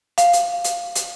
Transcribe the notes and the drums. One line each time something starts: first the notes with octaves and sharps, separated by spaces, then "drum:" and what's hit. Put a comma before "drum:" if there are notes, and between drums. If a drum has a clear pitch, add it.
F5, drum: hi-hat
drum: hi-hat
drum: hi-hat
drum: hi-hat